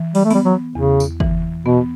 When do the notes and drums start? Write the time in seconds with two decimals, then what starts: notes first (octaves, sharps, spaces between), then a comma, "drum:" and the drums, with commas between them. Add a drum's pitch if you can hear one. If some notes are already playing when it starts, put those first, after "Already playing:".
Already playing: E3
0.15 G3, drum: open hi-hat
0.25 A3
0.30 G3 B3, drum: open hi-hat
0.45 F#3
0.75 E2 C#3
1.00 drum: tambourine
1.20 E3, drum: kick
1.66 B2 B3